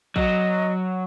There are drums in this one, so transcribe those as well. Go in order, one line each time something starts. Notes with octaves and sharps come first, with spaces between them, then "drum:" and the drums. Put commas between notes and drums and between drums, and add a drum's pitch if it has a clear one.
F#3 D#5, drum: kick